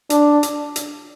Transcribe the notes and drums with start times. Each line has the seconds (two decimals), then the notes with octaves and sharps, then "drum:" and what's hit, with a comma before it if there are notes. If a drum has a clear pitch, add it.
0.10 D4, drum: hi-hat
0.43 drum: hi-hat
0.76 drum: hi-hat